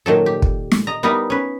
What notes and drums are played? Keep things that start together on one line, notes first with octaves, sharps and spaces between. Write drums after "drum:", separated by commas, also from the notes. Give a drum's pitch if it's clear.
A#2 D#3 F#3 A4
G4
drum: kick
drum: snare
D#5 A#5
G3 B3 D#4 E4 A#4 D#5
C#4 B4